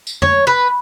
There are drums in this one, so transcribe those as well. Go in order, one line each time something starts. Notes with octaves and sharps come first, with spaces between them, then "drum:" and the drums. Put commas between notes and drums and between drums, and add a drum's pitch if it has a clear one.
drum: tambourine
C#5, drum: tom F2
B4